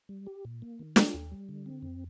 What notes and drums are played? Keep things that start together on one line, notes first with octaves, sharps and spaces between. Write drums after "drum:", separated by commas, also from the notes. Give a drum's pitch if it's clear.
G3
G4
A#2
A#3
D#3
F4, drum: snare
D#2
G3
D3
C4
F2